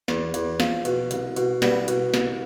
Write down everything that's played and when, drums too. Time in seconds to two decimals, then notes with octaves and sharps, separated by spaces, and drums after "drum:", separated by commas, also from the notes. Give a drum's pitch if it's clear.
0.08 E2, drum: snare
0.34 E2, drum: hi-hat
0.60 F3, drum: snare
0.85 B2, drum: hi-hat
1.11 C2, drum: hi-hat
1.36 B2, drum: hi-hat
1.62 C2 G3 B3, drum: snare
1.88 B2, drum: hi-hat
2.14 C2, drum: snare